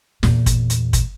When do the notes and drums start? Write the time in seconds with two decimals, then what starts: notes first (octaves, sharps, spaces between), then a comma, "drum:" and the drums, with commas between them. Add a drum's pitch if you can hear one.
0.23 E2 A#2, drum: snare
0.46 drum: kick, hi-hat
0.70 drum: hi-hat
0.93 drum: kick, hi-hat